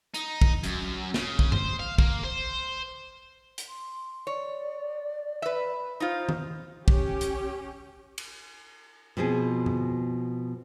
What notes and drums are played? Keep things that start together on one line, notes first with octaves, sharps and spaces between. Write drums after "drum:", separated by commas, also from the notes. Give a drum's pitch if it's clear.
D#4, drum: hi-hat
drum: kick
F#2, drum: hi-hat
C#3, drum: snare
drum: kick
C5, drum: tom F#2
F5
A#3, drum: kick
C5
drum: hi-hat
C6
C#5 D5
B4 E5
D#4 F4 C5
drum: tom D#3
C#4 G4, drum: kick
drum: hi-hat
drum: cymbal
B2 F3 B3 C4 G#4
drum: tom F#2